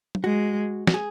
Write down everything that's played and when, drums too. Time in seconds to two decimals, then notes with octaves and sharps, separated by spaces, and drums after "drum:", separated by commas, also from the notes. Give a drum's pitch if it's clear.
0.15 drum: tom F#3
0.24 G#3 F#4
0.87 F#4, drum: snare
0.94 G#4